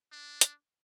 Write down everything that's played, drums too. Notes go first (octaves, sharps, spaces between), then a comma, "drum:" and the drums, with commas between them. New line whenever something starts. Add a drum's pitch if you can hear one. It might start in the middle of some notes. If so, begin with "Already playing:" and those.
D4
drum: hi-hat